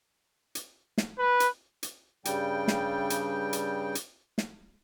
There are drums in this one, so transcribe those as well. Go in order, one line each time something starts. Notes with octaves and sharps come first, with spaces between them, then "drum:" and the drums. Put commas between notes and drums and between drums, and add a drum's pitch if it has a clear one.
drum: hi-hat
drum: snare
B4
drum: hi-hat
drum: hi-hat
G2 C#3 G3 G5, drum: hi-hat
drum: snare
drum: hi-hat
drum: hi-hat
drum: hi-hat
drum: snare